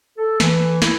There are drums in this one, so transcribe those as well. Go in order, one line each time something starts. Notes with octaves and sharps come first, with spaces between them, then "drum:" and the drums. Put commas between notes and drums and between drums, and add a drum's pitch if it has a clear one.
A4
E3, drum: snare
E4, drum: snare